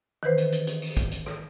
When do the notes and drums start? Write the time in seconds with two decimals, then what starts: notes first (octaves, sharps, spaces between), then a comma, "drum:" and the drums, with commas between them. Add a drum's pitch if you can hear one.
0.23 D#3 E3 B4 C5
0.38 drum: hi-hat
0.52 drum: hi-hat
0.67 drum: hi-hat
0.82 drum: open hi-hat
0.97 drum: kick, hi-hat
1.11 drum: hi-hat
1.26 drum: rim click